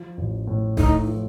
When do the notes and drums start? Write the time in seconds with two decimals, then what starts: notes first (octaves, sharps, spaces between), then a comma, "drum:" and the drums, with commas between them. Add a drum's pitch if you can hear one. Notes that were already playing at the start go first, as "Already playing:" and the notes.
Already playing: F3
0.17 A1
0.47 A2
0.77 A3 D#4, drum: kick
1.07 F3